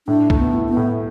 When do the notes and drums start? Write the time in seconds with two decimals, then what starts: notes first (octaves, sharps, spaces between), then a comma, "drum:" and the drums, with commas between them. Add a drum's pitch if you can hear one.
0.07 A2 D4
0.30 A3, drum: kick B1
0.38 B3
0.53 E4
0.69 B3
0.77 A2